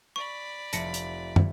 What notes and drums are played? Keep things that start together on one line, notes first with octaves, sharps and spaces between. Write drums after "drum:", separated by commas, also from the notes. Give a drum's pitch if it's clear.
D5 B5 C#6
F1 A5 A#6 C#7, drum: hi-hat
drum: hi-hat
drum: tom